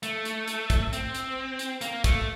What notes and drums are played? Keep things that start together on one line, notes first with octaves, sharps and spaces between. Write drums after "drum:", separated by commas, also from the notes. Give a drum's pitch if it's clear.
A3, drum: hi-hat
drum: hi-hat
drum: hi-hat
drum: kick, hi-hat
C4, drum: hi-hat
drum: hi-hat
drum: hi-hat
A#3, drum: hi-hat
A3, drum: kick, hi-hat